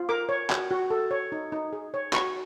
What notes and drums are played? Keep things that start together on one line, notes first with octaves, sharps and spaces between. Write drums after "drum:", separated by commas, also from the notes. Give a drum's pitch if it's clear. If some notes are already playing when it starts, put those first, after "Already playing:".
Already playing: F4
A#4 D6
C#5
F#4, drum: clap
F#4
A4
C#5
D#4
D#4
G#4
C#5
F#4 C#6, drum: clap